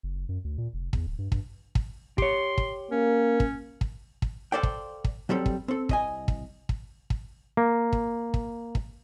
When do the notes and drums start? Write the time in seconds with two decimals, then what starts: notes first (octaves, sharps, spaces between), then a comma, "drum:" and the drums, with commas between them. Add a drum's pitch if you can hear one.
0.03 F#1
0.16 F#1
0.29 F#2
0.44 D2
0.58 A#2
0.74 F1
0.93 E2, drum: kick
1.07 D1
1.19 G2
1.32 G2, drum: kick
1.75 drum: kick
2.18 G4 C#5 C6, drum: kick
2.58 drum: kick
2.91 A#3 C#4
3.40 drum: kick
3.81 drum: kick
4.22 drum: kick
4.52 A4 C5 D5 F5 G5
4.63 drum: kick
5.04 drum: kick
5.29 F#3 G3 C4 A4
5.46 drum: kick
5.68 C4 A4
5.89 C2 D#5 G#5, drum: kick
6.28 drum: kick
6.69 drum: kick
7.10 drum: kick
7.57 A#3
7.93 drum: kick
8.34 drum: kick
8.75 drum: kick